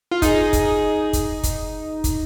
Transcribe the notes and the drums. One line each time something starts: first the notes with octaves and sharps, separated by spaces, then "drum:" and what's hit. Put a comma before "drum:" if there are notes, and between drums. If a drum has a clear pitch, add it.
F4
D#4 G#4, drum: kick, hi-hat
drum: kick, hi-hat
drum: kick, hi-hat
drum: kick, hi-hat
drum: kick, hi-hat